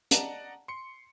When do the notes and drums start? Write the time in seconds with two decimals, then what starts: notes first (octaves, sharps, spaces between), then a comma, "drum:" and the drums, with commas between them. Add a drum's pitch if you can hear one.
0.11 D5 D#5 F#5 A5 A#5, drum: hi-hat
0.68 C6 C#7